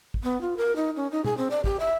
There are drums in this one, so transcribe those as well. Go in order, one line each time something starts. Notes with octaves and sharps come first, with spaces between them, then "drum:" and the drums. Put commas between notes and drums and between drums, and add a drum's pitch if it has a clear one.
drum: kick
B3
F4
A#4
D#4
C#4
D#4
G#4, drum: tom
C4
D5
G4, drum: kick
E5